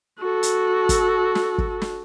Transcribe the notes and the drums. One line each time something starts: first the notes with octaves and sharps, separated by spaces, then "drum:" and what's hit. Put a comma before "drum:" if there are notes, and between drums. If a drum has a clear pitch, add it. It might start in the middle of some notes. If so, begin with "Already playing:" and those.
F#4 A4
drum: hi-hat
drum: kick, hi-hat
drum: snare
drum: kick
drum: snare